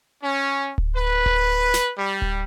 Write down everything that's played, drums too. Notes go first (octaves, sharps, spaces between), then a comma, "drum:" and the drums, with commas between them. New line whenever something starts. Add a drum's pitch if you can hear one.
C#4
drum: kick D1
B4
drum: kick D1
drum: snare
G3
drum: kick D1